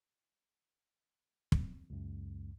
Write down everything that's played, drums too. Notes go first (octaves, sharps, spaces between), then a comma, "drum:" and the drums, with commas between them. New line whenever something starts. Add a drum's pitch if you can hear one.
drum: kick
C#2 F#2